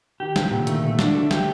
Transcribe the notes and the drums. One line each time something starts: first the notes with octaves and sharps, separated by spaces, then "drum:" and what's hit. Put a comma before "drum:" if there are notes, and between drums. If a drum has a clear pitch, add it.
D#3 G4
C3 G4, drum: snare
D#3
A#2 D3
D#3 A3, drum: hi-hat
C3 A3
D3 D4, drum: snare
F#3 A3
F#3 G4, drum: snare